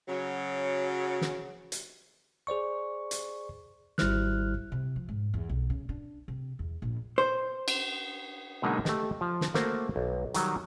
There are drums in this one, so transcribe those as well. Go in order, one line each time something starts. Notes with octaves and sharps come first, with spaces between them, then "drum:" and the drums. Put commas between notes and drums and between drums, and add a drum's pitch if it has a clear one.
C#3 F#3
drum: snare
drum: hi-hat
G#4 C5 D5 C#6
drum: hi-hat
G#1 G3 E4 C5 F6 F#6, drum: snare
C3
F3
G#2
E2
B1
C#3
D4
C3
E2
A#1
C5
drum: cymbal
B2 D3 F#3 G#3 A#3 D#4
A3 G4 D#5, drum: snare
F3
drum: snare
A3 A#3 F#4 A#4 C5, drum: snare
B1
D#3 F#3 G3, drum: hi-hat